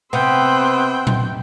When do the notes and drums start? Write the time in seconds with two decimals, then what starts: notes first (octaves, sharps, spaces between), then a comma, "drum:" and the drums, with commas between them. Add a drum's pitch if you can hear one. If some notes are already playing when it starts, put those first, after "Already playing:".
0.13 C3 B3 G5 C6 E6 F#6
1.07 drum: tom A#2